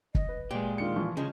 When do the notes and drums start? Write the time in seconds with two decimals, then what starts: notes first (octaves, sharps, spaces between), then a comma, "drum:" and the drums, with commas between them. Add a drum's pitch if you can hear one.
0.15 D#5, drum: kick
0.29 B4
0.51 A#2 G#3 G4 G#5
0.78 D#3 D4 F4 C#7
0.96 E3 F3 C#6
1.17 C#3 F3 G#3 C#4 F4